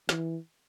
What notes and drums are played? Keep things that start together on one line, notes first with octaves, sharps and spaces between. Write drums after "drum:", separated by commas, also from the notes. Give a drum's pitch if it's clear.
E3, drum: snare